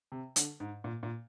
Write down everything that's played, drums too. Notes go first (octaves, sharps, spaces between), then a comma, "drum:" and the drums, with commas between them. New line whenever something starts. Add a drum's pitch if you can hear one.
C3
D3, drum: hi-hat
G#2
A#2
A#2